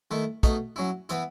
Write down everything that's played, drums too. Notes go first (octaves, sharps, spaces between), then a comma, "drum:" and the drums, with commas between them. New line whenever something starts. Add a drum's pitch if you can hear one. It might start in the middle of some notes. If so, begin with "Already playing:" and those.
D#3 A3 E4
B2 A3 D#4, drum: kick, hi-hat
F#3 C#4 E4
E3 B3 E4, drum: hi-hat